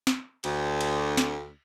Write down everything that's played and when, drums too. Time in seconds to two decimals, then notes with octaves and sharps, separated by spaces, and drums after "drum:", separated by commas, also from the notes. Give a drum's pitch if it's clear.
0.07 drum: snare
0.44 D2, drum: cymbal
0.81 drum: cymbal
1.17 drum: snare